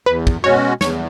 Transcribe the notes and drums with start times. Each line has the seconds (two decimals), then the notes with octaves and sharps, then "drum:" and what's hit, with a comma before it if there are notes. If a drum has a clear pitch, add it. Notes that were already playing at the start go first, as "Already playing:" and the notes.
0.06 E2 B4
0.27 drum: kick
0.44 B2 G#3 C#4 F#4 C#5
0.81 E2 C#5, drum: snare